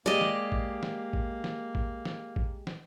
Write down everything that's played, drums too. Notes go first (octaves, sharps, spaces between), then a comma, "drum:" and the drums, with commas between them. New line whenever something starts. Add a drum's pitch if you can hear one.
G#3 A#3 G4 D5 D#5
drum: snare
drum: kick A1
drum: snare
drum: kick A1
drum: snare
drum: kick A1
drum: snare
drum: kick A1
drum: snare